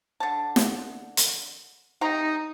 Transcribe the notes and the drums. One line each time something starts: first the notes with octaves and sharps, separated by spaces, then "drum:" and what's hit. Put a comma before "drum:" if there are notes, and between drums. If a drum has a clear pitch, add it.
D3 A5
drum: snare
drum: hi-hat
C3 D#4 G5 A#5